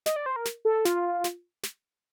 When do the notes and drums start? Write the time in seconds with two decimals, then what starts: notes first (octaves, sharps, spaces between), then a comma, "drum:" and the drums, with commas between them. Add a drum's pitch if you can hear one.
0.06 D#5, drum: snare
0.16 D5
0.26 C5
0.36 A#4
0.45 drum: snare
0.65 A4
0.85 F4, drum: snare
1.24 drum: snare
1.63 drum: snare